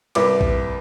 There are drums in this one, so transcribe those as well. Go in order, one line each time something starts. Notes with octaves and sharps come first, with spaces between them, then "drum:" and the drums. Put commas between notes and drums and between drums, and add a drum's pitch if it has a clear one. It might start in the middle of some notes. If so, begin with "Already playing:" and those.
C2 B4 D6, drum: cymbal
drum: kick A#1